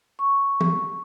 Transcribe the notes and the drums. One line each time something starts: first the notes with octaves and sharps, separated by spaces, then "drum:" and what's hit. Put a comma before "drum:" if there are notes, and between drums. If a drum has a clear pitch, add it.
C#6
drum: tom E3